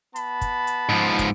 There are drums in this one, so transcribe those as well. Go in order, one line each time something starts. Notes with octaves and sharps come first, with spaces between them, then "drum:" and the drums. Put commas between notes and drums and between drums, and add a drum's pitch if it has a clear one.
B3 A5 B5, drum: hi-hat
drum: kick, hi-hat
drum: hi-hat
G#2 F3
drum: kick, hi-hat